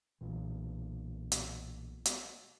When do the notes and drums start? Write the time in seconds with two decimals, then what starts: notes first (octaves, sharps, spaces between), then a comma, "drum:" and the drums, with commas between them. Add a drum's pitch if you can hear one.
0.21 B1 A#2 E3
1.32 drum: hi-hat
2.05 drum: hi-hat